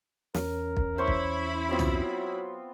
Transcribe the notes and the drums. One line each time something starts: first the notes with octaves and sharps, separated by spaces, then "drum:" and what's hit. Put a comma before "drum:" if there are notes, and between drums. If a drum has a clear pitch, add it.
E2 C#4 A#4, drum: snare
drum: kick
E4 C5 C#5 B5
drum: kick
F#3 B3 C4 F4
drum: tom